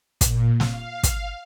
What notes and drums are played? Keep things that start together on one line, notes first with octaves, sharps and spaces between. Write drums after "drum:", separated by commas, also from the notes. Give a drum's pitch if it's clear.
A#2, drum: kick, hi-hat
F5, drum: snare
drum: kick, hi-hat